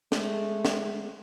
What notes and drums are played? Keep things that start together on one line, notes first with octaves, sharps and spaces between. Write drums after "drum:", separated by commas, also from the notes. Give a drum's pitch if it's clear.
G#3 A3, drum: snare
drum: snare